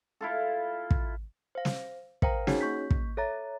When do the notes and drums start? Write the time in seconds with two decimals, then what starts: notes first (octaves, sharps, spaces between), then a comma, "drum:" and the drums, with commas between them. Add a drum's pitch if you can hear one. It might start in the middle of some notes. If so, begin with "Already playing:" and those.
0.21 E4 F4 A4
0.91 drum: kick
1.55 C5 F5
1.65 drum: snare
2.22 A#4 C5 F5 G5 A#5, drum: kick
2.47 C#4 D#4 F#4 G#4 C#5, drum: snare
2.61 A#3 C#6 G6 B6
2.91 drum: kick
3.17 A4 C#5 E5 A#5 A6